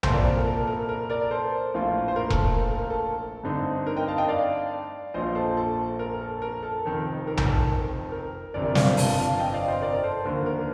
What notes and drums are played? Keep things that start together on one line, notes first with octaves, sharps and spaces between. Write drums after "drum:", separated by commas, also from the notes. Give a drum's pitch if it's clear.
C2 A#2 F3 A4 C5, drum: tom A#1
A#4 D5
A#4
A4
A#4
A4
A#4
A4
A#4
A#4 D5
A4 C5
A#1 A2 F3 A#3 F4
C5
A#4
A4, drum: kick E1
A#4
A4
A#4
A#4
A4
G2 D3 A3 C4 D#4
A#4
D#5 G5
F5 A5
D#5 G5
D5 F5
A#1 A#2 F3 C5 D#5
A4 C5
A4
A#4
A4
A#4
A4
F1 F2 D#3 A4
A#4
drum: tom A#1
A4
A#4
G1 F2 C3 A#4 D5
D5 F5, drum: snare
F5 A5, drum: open hi-hat
F5 A5
D#5 G5
D5 F5
C5 D#5
A#4 D5
A4 C5
D#2 D3 F3 A#4
A#4